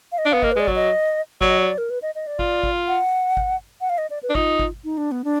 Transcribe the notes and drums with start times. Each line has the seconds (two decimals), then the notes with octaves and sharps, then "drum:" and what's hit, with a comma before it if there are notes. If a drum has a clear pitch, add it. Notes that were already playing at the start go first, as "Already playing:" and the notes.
0.12 F5
0.18 D#5
0.25 D4
0.31 B3 F5
0.43 A#3 D#5, drum: kick G#1
0.52 B4
0.56 G#3 D5
0.68 F#3, drum: kick G#1
0.76 D#5
1.41 F#3 D5, drum: kick G#1
1.50 D#5
1.58 D5
1.78 A#4
1.90 B4
2.02 D#5
2.15 D#5
2.27 D5
2.39 F4, drum: kick G#1
2.63 drum: kick G#1
2.88 F#5
3.37 drum: kick G#1
3.81 F#5
3.89 F5
3.98 D#5
4.10 D5
4.23 B4
4.29 D4
4.35 D#4 F4, drum: kick G#1
4.59 drum: kick G#1
4.84 D#4
4.97 D4
5.12 B3
5.24 D4